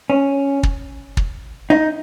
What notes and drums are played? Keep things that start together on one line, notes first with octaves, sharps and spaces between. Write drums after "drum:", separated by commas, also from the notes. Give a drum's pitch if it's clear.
C#4
drum: kick
drum: kick
D#4